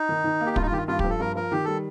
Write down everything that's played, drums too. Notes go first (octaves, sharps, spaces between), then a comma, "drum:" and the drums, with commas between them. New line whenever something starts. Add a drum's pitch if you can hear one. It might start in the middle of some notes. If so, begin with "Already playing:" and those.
Already playing: D#4
D#3
D#3
A#3
G4
G2 F4, drum: kick
D#4
F4
D#3 G4
F4
G2 F4
F3 G4, drum: kick
A4
G2 A#4
F3 A#4
D#3 G4
G3 A4